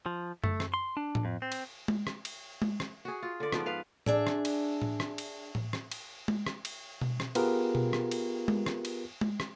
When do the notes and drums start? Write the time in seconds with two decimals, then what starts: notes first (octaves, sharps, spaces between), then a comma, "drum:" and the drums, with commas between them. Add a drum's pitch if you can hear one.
0.06 F3
0.44 A3, drum: tom F#2
0.60 drum: rim click
0.74 C6
0.97 D4
1.15 drum: tom A2
1.25 F2
1.42 C4
1.52 drum: cymbal
1.88 drum: tom G#3
2.07 drum: rim click
2.25 drum: cymbal
2.62 drum: tom G#3
2.80 drum: rim click
3.05 F#4 G#4
3.22 F4
3.40 D3 D5
3.52 G#2 F3 B3, drum: rim click
3.66 B4 F5
4.06 D4 G#4 E5, drum: tom A2
4.27 drum: rim click
4.45 drum: cymbal
4.82 drum: tom A2
5.00 drum: rim click
5.18 drum: cymbal
5.55 drum: tom A2
5.73 drum: rim click
5.92 drum: cymbal
6.28 drum: tom G#3
6.46 drum: rim click
6.65 drum: cymbal
7.01 drum: tom B2
7.20 drum: rim click
7.35 B3 F4 G4 G#4 A#4 B4, drum: cymbal
7.75 drum: tom B2
7.93 drum: rim click
8.11 drum: cymbal
8.48 drum: tom G#3
8.66 drum: rim click
8.85 drum: cymbal
9.21 drum: tom G#3
9.40 drum: rim click